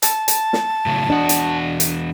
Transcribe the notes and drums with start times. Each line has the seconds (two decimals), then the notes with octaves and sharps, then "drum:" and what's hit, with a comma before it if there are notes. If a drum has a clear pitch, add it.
0.02 A5, drum: hi-hat
0.28 drum: hi-hat
0.53 drum: snare
0.86 A2 C#3 F#3
1.10 E2 D4 F#4 D#5
1.29 drum: hi-hat
1.80 drum: hi-hat